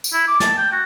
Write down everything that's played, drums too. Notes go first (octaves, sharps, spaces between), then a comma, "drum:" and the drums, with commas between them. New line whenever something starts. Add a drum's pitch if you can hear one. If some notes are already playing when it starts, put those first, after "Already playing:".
drum: tambourine
E4
D6
A5, drum: snare
G5
F#4